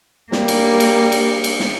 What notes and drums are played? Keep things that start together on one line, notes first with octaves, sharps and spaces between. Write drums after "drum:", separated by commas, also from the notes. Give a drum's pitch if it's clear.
G3 A#3, drum: snare
drum: cymbal
drum: cymbal
drum: cymbal
drum: cymbal
drum: snare